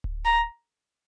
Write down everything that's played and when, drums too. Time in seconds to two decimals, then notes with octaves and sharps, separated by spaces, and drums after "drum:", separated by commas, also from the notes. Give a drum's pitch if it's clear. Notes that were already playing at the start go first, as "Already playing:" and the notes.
0.04 drum: kick D1
0.25 A#5